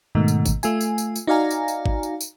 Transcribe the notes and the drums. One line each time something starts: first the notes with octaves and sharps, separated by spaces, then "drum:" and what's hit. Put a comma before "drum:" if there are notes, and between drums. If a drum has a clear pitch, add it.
G#2 B2 D#3 A3
drum: tambourine
drum: kick, tambourine
A3 F4 G#5, drum: tambourine
drum: tambourine
drum: tambourine
drum: tambourine
D#4 F#4 D5 F5 G#5 A#5
drum: tambourine
drum: tambourine
drum: kick
drum: tambourine
drum: tambourine